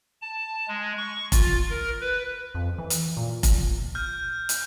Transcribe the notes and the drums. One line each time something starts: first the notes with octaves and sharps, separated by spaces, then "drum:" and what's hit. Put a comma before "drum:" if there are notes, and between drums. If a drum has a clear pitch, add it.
A5
G#3
C#6
F4, drum: kick F1, hi-hat
A#4
B4
F2
E3
drum: hi-hat
A#2
drum: kick F1, hi-hat
F6 G6
drum: hi-hat